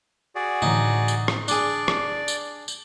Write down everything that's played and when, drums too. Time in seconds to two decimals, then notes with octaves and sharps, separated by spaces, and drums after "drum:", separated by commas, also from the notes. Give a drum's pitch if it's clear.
0.35 F#4 G#4 D5
0.62 A2 D3 E3 D#4
1.08 drum: tambourine
1.28 drum: rim click
1.48 D4 G#4 D5, drum: tambourine
1.88 drum: rim click
2.28 drum: tambourine
2.68 drum: tambourine